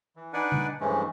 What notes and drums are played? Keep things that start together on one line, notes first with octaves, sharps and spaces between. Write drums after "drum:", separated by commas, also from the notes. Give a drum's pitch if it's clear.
E3
D4 D#4 B4 D5 F#5 G#5
drum: tom C#3
G2 E3 F3 G#3 A3 C#4